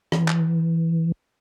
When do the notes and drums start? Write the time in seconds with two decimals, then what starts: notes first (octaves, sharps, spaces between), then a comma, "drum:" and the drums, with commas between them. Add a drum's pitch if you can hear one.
0.12 E3, drum: rim click
0.28 drum: clap